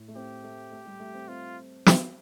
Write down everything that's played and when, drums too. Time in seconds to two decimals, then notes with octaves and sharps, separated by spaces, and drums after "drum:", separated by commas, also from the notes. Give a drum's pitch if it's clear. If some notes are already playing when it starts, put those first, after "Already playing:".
Already playing: A2
0.08 A3
0.15 C4 G4
0.44 A3
0.71 A3
0.86 G3
1.00 A3
1.14 C4
1.28 C4 F4
1.86 drum: snare